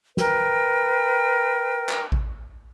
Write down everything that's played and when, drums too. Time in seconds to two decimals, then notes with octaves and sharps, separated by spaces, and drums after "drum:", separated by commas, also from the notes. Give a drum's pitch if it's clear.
0.17 A#4 B4 G5, drum: snare
1.89 drum: clap
2.12 drum: kick A1